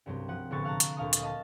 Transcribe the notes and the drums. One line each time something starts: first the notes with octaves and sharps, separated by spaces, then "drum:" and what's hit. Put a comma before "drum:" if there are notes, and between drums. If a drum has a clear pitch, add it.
C2 G2 F#3 C4
F3 F#5
A#1 A2 D3 B3 C#6 A6
F5 F#5 A5 A#5
drum: hi-hat
D2 A#2 F5 A5 C#6 D#6
drum: hi-hat
D#5 A5